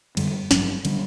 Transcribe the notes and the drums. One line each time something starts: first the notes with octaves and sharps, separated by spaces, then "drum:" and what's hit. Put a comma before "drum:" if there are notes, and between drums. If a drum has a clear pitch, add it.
F#2 D3 G3, drum: cymbal
A1 G2 F#3, drum: snare
D3 G3 D4, drum: cymbal